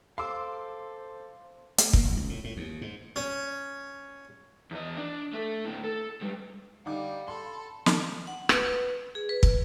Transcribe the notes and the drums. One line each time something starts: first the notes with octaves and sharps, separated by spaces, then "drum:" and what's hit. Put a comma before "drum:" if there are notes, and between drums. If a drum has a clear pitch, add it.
A4 C5 F5 C6 D6 E6
A3, drum: hi-hat
A#3, drum: kick
F1
C#2
A2
A2
D#2
G#2
C#4
E2 D#5
D4
A3 A4
D2 A2
A4
G#2 G3
D3 G3 D#4 F5 F#5 D6
A4 B5 C6
drum: snare
F#5
B4, drum: rim click
G#4
B4
drum: kick